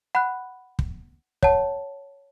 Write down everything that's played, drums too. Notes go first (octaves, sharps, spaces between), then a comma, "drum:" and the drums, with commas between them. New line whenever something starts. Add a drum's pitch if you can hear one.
F#5 B5 F#6
drum: kick
C#5 F#5 A5, drum: kick